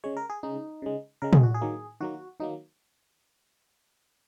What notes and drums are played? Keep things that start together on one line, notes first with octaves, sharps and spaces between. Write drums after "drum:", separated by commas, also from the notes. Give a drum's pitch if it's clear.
C#3 G#3 C#5
A#4
G#4
C#3 G#3 D#4
C#3 G#3
C#3 G#3 A#4
G#4, drum: tom
F#4
G#4
D#3 F#3 A#3
D#3 F#3 A#3 F#4
D#3 F#3 A#3 D#4